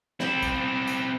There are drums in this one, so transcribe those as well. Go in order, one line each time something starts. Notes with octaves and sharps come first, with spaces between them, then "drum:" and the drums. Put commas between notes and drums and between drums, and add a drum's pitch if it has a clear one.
C4 E4, drum: snare
drum: kick, tambourine
drum: tambourine